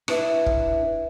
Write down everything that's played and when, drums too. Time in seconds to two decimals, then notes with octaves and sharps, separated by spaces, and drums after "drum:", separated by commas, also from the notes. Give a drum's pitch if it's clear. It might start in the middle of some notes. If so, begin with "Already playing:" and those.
0.08 D4 E4 B4 D5 E5, drum: rim click
0.46 drum: kick